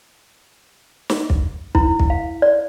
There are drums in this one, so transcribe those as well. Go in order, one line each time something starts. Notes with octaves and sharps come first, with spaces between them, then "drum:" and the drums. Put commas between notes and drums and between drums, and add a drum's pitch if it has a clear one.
drum: snare
drum: kick
E4, drum: kick
drum: kick
F5
D5